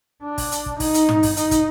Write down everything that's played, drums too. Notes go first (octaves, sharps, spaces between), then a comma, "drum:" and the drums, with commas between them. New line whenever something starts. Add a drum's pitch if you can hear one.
D4
drum: kick, open hi-hat
drum: hi-hat
drum: kick
D#4, drum: kick, open hi-hat
drum: hi-hat
drum: tom
drum: kick, open hi-hat
D#4, drum: hi-hat
drum: kick, hi-hat